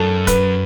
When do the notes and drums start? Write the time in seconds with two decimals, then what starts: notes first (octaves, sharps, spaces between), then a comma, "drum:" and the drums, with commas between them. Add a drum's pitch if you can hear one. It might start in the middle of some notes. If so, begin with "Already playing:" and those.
Already playing: F#2 A4
0.27 B4, drum: kick C#1, hi-hat